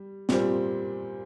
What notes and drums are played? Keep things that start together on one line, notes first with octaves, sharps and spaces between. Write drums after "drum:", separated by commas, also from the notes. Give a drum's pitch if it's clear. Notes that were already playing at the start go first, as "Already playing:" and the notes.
Already playing: G3
A#2 G3 C4, drum: snare